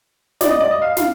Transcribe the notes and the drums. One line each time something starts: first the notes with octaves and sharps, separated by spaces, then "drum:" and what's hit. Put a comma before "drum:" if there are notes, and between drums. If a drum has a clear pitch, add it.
D5, drum: snare
D#5
D5
D#5
F5
F5, drum: snare